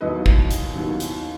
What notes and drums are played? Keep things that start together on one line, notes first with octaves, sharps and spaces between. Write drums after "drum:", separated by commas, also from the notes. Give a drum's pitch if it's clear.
D#2 D#3 F#3 B3 E4 B4 D#5
drum: kick
drum: hi-hat
D#2 D#3 F#3 B3 E4
drum: hi-hat